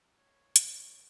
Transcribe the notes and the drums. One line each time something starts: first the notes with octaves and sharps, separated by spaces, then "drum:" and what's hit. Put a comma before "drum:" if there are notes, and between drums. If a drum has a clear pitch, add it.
C#5
drum: hi-hat